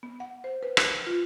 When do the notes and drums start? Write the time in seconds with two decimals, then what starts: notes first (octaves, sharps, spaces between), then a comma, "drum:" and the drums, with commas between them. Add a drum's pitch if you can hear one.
0.03 B3
0.20 F#5
0.44 C5
0.63 B4
0.77 G#6, drum: rim click
1.07 F4